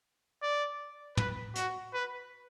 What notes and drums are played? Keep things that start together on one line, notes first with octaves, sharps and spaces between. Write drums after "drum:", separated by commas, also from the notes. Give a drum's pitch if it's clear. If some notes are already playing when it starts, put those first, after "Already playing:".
D5
B4, drum: tom
F#4, drum: hi-hat
B4